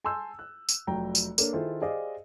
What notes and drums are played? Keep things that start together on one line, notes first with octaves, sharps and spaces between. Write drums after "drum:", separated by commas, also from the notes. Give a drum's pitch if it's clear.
G#5 A5 C6 E6 G6
F#6
drum: tambourine
F1 F#3 G5 A#5
drum: tambourine
A#3 D4 A4 C#5, drum: tambourine
D#3 E4 F4 G#4 A4 C5
G4 G#4 C5 D5 D#5 F5